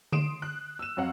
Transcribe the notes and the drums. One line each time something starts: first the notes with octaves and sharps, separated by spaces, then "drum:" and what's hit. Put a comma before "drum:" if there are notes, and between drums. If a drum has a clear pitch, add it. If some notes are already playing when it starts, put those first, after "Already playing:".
C6 D#6 C7 D7 E7, drum: tom D3
F#6
E6 E7
F2 F#3 C#5 F5 F#5